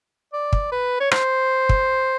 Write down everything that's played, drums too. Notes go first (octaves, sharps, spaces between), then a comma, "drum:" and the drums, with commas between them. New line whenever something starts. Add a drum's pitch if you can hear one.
D5
drum: kick
B4
C#5
C5, drum: rim click
drum: kick